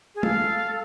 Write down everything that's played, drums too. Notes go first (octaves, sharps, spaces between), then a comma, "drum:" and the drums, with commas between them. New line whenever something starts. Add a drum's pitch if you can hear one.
G#4
A4 F5, drum: tom